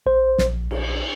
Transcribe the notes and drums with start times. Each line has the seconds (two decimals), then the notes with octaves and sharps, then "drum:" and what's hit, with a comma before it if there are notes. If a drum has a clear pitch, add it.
0.06 A#1 C5
0.38 A#1, drum: snare
0.71 A#1, drum: cymbal